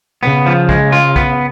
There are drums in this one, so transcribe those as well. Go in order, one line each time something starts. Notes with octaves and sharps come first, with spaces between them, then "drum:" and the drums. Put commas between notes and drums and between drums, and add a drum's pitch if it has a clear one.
C#3 B3
F3
G#3, drum: kick
F4
B3, drum: kick